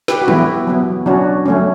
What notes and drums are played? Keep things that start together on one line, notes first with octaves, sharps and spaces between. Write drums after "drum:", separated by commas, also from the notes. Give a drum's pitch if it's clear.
G4 B4, drum: snare
F#4
E3 B3 E4 G4, drum: tom
F#3 B3
F#3 C#4 D4 F#4
F#3 A3 C#4